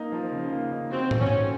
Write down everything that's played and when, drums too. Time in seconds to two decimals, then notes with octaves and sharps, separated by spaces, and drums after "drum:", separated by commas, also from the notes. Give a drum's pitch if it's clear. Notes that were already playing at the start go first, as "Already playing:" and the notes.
Already playing: A#3 D#4
0.12 F3
0.32 C#3
0.53 A#3
0.72 D#4
0.92 C4 F#4
1.11 A3, drum: tom G#2
1.20 C#4
1.31 C#4